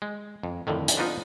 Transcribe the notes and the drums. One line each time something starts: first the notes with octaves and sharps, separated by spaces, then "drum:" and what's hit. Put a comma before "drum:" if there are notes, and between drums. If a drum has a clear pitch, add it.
G#3
F2
F2 A2 D3 D#3
drum: hi-hat
F3 B3 D4 D#4 F4